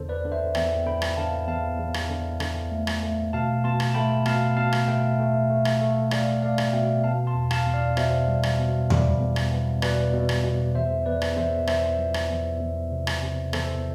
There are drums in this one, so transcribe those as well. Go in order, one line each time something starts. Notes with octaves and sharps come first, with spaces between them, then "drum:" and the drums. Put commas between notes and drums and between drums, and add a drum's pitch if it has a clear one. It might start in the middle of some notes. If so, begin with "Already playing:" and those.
Already playing: E2 D3 A4 C5
B4 D5
D3
C5 E5
E2 E5 G5, drum: rim click
D3 G5 B5
drum: rim click
D3 F5 A5
E2 F5 A5
E2
drum: rim click
D3
D3, drum: rim click
A3
drum: rim click
A3
B2 F5 A5
B2 A5 C6
drum: rim click
A5
A3 G5 B5
B2 F5 A5, drum: rim click
B2 F5 A5
drum: rim click
A3 E5 G5
A3
A3
drum: rim click
A3
A3 D5 F5, drum: rim click
A3 D5 F5
drum: rim click
B2 E5 G5
B2 F5 A5
A5 C6
E2
F5 A5, drum: rim click
E2
D5 F5
B2 C5 E5, drum: rim click
G3
drum: rim click
B2
G3, drum: tom E2
E2
drum: rim click
B3
B2 B4 D5, drum: rim click
B2
drum: rim click
B2
E2 C5 E5
E2 B4 D5
drum: rim click
E2 C5 E5
E2 C5 E5, drum: rim click
F3
drum: rim click
E2
E2
C3
drum: rim click
C3
E2 A4 C5, drum: rim click